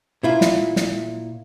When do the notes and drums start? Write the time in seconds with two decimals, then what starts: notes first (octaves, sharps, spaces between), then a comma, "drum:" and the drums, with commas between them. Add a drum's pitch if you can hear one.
0.23 A#2 E4 F4
0.41 drum: snare
0.76 drum: snare